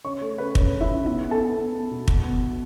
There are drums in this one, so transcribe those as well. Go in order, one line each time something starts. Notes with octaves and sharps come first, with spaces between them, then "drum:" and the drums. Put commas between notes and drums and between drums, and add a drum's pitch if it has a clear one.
C#3 C#5 C#6
A3
C#3 B4
C#3 C#5, drum: kick
C#3
E4 E5
C#3
B3 E4 E5
B3
A4 A5
B3
B3
B3
B2
B2, drum: kick
B3
B2